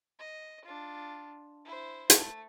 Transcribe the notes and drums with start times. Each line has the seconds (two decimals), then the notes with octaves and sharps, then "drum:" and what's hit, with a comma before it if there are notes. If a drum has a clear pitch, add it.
0.19 D#5
0.65 D4 F4
1.65 E4 C5
2.10 A3, drum: hi-hat